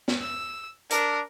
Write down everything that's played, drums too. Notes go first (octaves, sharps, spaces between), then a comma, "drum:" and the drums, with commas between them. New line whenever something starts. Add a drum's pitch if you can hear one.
drum: snare
E6
D4 A#4, drum: hi-hat